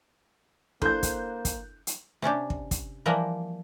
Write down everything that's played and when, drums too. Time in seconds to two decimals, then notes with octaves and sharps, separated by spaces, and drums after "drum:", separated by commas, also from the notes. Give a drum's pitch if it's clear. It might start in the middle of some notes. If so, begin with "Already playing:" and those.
0.82 A#3 D4 E4 A4 C5 F#6 G6, drum: kick
1.03 drum: kick, hi-hat
1.45 drum: kick, hi-hat
1.87 drum: hi-hat
2.22 C3 C#4 D4 G4
2.50 drum: kick
2.71 drum: kick, hi-hat
3.06 E3 F3 G3 A#3 A#4 B4